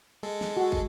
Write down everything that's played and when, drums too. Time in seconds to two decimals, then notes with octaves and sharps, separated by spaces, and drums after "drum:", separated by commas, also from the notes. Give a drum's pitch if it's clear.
0.23 G#3 A4
0.41 drum: snare
0.57 F#4
0.72 drum: kick